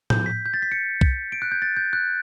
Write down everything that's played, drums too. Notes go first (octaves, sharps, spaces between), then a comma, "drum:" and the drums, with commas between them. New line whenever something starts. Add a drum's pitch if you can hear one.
G6, drum: tom
B6
G6
A6
B6
C#7
drum: kick C2
D7
F#6
G6
A6
G6
F#6